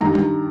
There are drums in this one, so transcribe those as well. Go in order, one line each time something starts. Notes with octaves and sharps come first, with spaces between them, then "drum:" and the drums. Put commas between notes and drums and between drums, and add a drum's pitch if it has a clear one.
G2 D#3 A#5
drum: tom G3